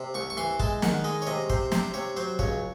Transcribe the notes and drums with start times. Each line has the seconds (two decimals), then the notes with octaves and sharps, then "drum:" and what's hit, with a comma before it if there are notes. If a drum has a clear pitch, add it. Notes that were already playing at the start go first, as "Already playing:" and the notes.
Already playing: C3
0.14 C2 C#6
0.30 C#6
0.37 E3 C6
0.60 G#3 A5, drum: kick
0.82 D#3 F#5, drum: snare
1.04 G#3 D#5
1.22 C#5
1.27 C3 D#5
1.50 C3 C5, drum: kick
1.72 C3 C5, drum: snare
1.94 C3 C#5
2.17 F#3 C5
2.39 C#2 C#5, drum: kick